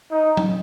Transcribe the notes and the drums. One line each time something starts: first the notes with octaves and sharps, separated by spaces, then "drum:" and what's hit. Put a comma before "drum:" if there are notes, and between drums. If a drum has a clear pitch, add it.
D#4
drum: tom F#3